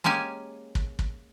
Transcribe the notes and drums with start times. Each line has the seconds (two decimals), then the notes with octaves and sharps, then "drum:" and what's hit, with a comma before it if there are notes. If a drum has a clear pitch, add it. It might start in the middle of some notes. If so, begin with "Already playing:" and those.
0.04 G#3 A#3 C#4 G4 G#5
0.75 drum: kick
0.99 drum: kick